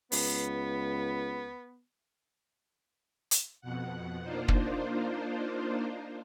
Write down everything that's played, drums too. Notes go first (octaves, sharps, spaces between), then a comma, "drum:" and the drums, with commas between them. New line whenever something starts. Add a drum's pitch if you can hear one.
C#2 B3, drum: open hi-hat
drum: hi-hat
F2 B2 F#5
A#3 D4 D#4 F4 C5
drum: kick